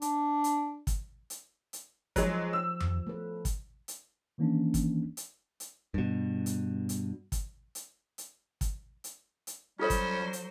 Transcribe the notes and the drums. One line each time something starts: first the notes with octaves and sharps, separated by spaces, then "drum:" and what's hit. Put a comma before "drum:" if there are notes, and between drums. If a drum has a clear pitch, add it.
D4, drum: hi-hat
drum: hi-hat
drum: kick, hi-hat
drum: hi-hat
drum: hi-hat
F3 F#3 G#3, drum: kick, hi-hat
E6
drum: tom F2
A3 B4
drum: kick, hi-hat
drum: hi-hat
D#3 E3 A#3 C#4 D4
drum: kick, hi-hat
drum: hi-hat
drum: hi-hat
G2 B2
drum: hi-hat
drum: hi-hat
drum: kick, hi-hat
drum: hi-hat
drum: hi-hat
drum: kick, hi-hat
drum: hi-hat
drum: hi-hat
F#3 G3 C#4 F4 A4 C5 C#5
drum: kick, hi-hat
drum: hi-hat